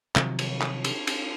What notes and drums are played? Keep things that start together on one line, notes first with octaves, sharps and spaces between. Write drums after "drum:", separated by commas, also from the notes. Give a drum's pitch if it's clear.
C3 D#3 F3 F#3, drum: clap
drum: cymbal
drum: clap
drum: cymbal
drum: cymbal